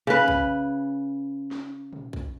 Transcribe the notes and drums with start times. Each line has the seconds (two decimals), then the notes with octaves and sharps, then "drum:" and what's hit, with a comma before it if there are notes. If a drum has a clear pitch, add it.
0.07 C#3 B4
0.28 drum: kick
1.51 drum: snare
1.93 drum: tom
2.13 drum: kick